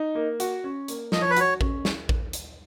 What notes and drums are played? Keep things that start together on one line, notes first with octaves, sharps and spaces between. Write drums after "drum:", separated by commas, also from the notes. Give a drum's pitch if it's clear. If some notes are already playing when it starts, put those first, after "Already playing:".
Already playing: D#4
A#3
F#4, drum: hi-hat
C#4
A#3, drum: hi-hat
F3 D#5, drum: snare
C#5
B4
F#4 C#5, drum: hi-hat
C#4, drum: kick A1
drum: snare
drum: kick A1
drum: hi-hat